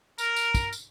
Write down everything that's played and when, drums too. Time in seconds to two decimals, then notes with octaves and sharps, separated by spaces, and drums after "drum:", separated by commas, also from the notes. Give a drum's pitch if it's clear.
0.18 A#4, drum: tambourine
0.36 drum: tambourine
0.55 drum: kick, tambourine
0.73 drum: tambourine